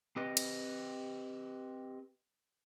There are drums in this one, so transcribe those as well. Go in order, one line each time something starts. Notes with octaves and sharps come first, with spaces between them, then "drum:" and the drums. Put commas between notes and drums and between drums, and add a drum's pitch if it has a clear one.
C4 G4 B4 D#5
drum: cymbal